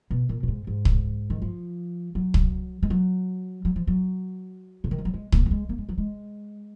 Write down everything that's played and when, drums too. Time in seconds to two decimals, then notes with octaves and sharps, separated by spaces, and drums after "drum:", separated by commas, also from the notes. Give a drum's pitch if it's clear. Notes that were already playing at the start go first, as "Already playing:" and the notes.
0.10 B2
0.29 A#2
0.43 A#2
0.48 G#2
0.67 G#2
0.85 drum: kick
1.30 D#3
1.42 F3
2.15 F#3
2.34 drum: kick
2.83 G#3
2.90 F#3
3.65 F#3
3.76 F3
3.87 F#3
4.84 C#3
4.91 D#3
4.98 F3
5.05 F#3
5.14 G#3
5.32 A#3, drum: kick
5.46 A#3
5.51 G#3
5.69 A#3
5.78 G#3
5.89 F#3
5.98 G#3